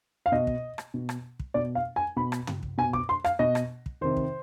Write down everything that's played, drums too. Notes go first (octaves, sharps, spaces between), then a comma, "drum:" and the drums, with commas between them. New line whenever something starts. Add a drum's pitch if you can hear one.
F5
B2 D#5
drum: kick
drum: rim click
B2
drum: rim click
drum: kick
B2 D5
F5
G#5
B2 B5
drum: rim click
drum: tom
drum: kick
B2 G#5
D6, drum: kick
C6
F5, drum: rim click
B2 D#5
drum: rim click
drum: kick
C3 D#3 C5
drum: kick